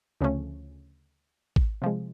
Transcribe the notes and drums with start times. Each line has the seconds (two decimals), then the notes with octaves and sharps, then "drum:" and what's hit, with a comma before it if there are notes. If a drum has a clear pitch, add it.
0.21 D2 C#3 F3 A3 C#4
1.56 drum: kick G#1
1.82 C3 F3 G#3